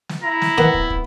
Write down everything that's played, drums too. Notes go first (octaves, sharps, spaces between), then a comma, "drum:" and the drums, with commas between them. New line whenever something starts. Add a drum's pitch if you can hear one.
drum: snare
E4 A#5
drum: snare
D#3 B3
drum: kick
drum: kick